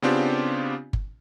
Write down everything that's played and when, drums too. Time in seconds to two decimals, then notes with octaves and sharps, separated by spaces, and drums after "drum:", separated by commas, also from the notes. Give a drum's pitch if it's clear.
0.02 C#3 B3 C4 D4 F4 G4
0.93 drum: kick G1